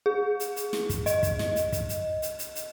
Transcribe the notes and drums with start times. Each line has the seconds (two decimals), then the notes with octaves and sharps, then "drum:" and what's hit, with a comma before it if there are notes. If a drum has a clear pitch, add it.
0.06 G#4
0.40 drum: hi-hat
0.56 drum: hi-hat
0.73 drum: snare
0.89 drum: kick, hi-hat
1.06 D#5, drum: hi-hat
1.23 drum: kick, hi-hat
1.39 drum: snare
1.56 drum: hi-hat
1.72 drum: kick, hi-hat
1.89 drum: hi-hat
2.22 drum: hi-hat
2.39 drum: hi-hat
2.55 drum: hi-hat